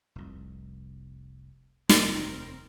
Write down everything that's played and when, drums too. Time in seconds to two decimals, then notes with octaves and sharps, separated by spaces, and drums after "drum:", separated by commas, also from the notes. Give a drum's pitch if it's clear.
0.15 F1 C2
1.89 F1 D#2 C4 A#4 D5, drum: snare